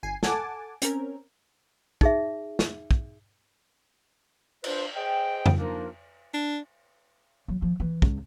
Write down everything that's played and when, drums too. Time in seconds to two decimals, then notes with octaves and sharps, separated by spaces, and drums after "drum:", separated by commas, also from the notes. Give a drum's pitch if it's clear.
0.03 G1 G#5 C7
0.23 A4 F#5 G#5 A5 D6, drum: snare
0.82 C4 C#4 A#4, drum: hi-hat
2.01 D#4 G#4 E5, drum: kick
2.59 drum: snare
2.91 drum: kick
4.64 D4 F4 B4 C5, drum: cymbal
4.95 G#4 C5 D#5 G5
5.46 drum: tom F2
5.58 F3 A#3 D4 D#4 F4 A#4
6.34 D4
7.48 F#3
7.62 F3
7.80 E3
8.02 C#2, drum: kick